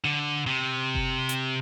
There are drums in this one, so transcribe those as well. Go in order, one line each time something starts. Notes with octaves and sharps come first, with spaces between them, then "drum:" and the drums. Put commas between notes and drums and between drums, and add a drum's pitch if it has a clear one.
D3
C3
drum: kick F#1
drum: hi-hat